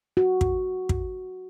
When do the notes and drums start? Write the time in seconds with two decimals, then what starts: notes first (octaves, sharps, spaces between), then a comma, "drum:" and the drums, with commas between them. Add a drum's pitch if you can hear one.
0.17 F#4
0.41 drum: kick
0.89 drum: kick